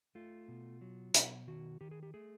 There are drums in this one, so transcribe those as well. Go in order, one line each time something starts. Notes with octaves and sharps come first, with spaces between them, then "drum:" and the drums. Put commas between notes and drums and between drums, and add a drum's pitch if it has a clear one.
A3 F4
B2
F#3
B2, drum: hi-hat
D#3 F#4
D#3 G4
G#4
G4
A3 G#4